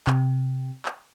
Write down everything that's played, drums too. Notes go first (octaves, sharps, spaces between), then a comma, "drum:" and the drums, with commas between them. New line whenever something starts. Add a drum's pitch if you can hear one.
C3, drum: clap
drum: clap